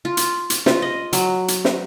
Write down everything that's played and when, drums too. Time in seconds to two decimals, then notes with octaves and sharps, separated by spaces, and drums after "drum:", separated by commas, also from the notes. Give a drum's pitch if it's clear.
0.05 F4
0.17 drum: hi-hat
0.50 drum: hi-hat
0.66 F4, drum: snare
0.82 D#5
1.13 F#3, drum: hi-hat
1.48 drum: hi-hat
1.65 drum: snare